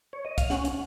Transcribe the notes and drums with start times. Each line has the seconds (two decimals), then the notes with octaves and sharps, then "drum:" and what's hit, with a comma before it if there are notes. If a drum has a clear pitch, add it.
0.13 C#5
0.25 D#5
0.38 F5, drum: kick, hi-hat
0.50 C#4 F#5, drum: snare
0.65 drum: hi-hat